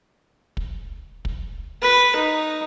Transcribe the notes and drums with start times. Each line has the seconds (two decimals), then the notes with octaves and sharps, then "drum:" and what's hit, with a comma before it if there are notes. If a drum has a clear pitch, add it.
0.57 drum: kick
1.25 drum: kick
1.82 B4
2.15 D#4